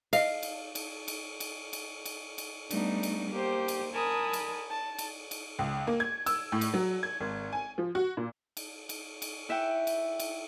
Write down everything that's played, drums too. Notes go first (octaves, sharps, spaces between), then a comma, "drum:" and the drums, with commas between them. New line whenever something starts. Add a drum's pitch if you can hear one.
D#5 F5, drum: cymbal
drum: cymbal
drum: cymbal
drum: cymbal
drum: cymbal
drum: cymbal
drum: cymbal
drum: cymbal
G3 A3 B3 D4 D#4, drum: cymbal
drum: cymbal
A#3 G4 C5
drum: cymbal
A#4 G#5 A5 B5 D#6
drum: cymbal
A5
drum: cymbal
drum: cymbal
C#2
A#3
G#6
E6, drum: cymbal
A2
drum: cymbal
F#3
G#6
G#1
G#5
F3
F#4
A#2
drum: cymbal
drum: cymbal
drum: cymbal
E4 E5 F#5 G5
drum: cymbal
drum: cymbal